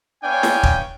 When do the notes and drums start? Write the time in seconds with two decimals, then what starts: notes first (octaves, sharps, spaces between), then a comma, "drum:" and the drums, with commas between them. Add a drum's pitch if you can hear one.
0.23 B3 D4 C#5 F5 G5 G#5
0.43 drum: snare
0.63 drum: kick